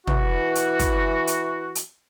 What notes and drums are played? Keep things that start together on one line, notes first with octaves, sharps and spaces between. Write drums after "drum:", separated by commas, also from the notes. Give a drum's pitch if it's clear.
E3 F#4, drum: tom
drum: hi-hat
drum: kick, hi-hat
drum: hi-hat
drum: hi-hat